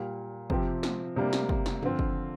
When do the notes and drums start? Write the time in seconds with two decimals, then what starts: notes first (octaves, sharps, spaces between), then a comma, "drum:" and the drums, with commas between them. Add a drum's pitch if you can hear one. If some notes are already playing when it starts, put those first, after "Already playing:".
Already playing: A#2 G3 A#3 G4
0.50 C3 F3 C4 G4, drum: kick
0.83 drum: snare
1.16 C3 G3 A#3 D4
1.33 drum: snare
1.49 drum: kick
1.66 drum: snare
1.82 D3 F3 C4 F4, drum: tom
1.99 drum: kick